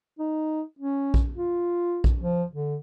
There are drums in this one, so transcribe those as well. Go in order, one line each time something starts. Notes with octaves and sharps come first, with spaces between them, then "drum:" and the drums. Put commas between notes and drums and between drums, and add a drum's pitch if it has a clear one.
D#4
C#4
drum: kick A#1
F4
drum: kick A#1
F3
D3